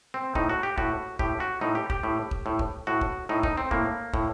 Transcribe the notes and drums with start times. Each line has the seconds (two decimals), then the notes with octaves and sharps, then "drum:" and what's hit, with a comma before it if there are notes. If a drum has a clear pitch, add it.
0.14 C4
0.35 A2 D#4, drum: kick
0.49 F#4
0.63 G4
0.78 A2 F#4, drum: kick
1.19 A2 G4, drum: kick
1.40 F#4
1.61 A2 D#4
1.75 G4
1.90 G4, drum: kick
2.03 A2
2.31 drum: kick
2.46 A2
2.59 drum: kick
2.87 A2 F#4
3.01 drum: kick
3.29 A2 D#4
3.43 D#4, drum: kick
3.57 C4
3.71 A2 A#3, drum: kick
4.14 A2, drum: kick